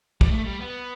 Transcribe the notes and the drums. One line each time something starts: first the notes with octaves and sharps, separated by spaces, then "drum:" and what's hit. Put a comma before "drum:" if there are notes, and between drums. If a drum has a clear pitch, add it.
G3, drum: kick
A3
G3
B3